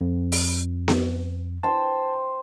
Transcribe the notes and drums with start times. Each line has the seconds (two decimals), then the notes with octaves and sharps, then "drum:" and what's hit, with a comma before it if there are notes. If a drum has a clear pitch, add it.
0.01 F2
0.32 drum: open hi-hat
0.88 drum: snare B3
1.63 C5 G5 A5